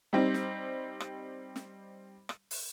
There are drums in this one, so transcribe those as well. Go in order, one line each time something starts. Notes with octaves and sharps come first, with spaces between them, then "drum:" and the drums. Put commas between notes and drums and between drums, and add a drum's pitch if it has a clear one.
G3 C4 D#4
drum: snare
drum: rim click
drum: snare
drum: rim click
drum: open hi-hat